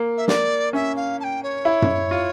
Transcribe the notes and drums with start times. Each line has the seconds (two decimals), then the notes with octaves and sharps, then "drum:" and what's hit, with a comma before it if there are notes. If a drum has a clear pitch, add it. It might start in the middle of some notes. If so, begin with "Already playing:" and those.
Already playing: A#3
0.17 E5
0.28 D5, drum: snare
0.73 C#4 E5
0.96 F5
1.20 A5
1.23 G5
1.43 C#5
1.65 E4
1.82 drum: tom F#2
2.11 F4